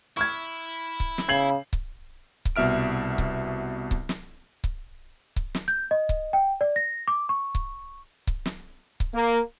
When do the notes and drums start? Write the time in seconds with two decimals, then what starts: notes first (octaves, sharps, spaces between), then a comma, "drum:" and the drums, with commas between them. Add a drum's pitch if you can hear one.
0.17 E4 C#6 F6 G#6
1.00 drum: kick C#1
1.18 drum: snare
1.29 C#3 G#6 C7 F#7
1.73 drum: kick C#1
2.45 drum: kick C#1
2.56 C2 B2 E5 F6 D7
3.18 drum: kick C#1
3.91 drum: kick C#1
4.09 drum: snare
4.64 drum: kick C#1
5.36 drum: kick C#1
5.55 drum: snare
5.68 G6
5.91 D#5
6.09 drum: kick C#1
6.33 G5
6.61 D5
6.76 A#6
7.08 D6
7.29 C#6
7.55 drum: kick C#1
8.27 drum: kick C#1
8.46 drum: snare
9.00 drum: kick C#1
9.13 A#3